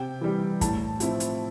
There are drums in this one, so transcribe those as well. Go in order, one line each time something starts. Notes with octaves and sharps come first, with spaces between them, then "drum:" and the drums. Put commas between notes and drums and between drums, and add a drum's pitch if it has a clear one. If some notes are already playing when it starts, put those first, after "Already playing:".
Already playing: C3 G5
E3 G3
A2 A5, drum: kick, hi-hat
F3 C4 E4, drum: hi-hat
drum: hi-hat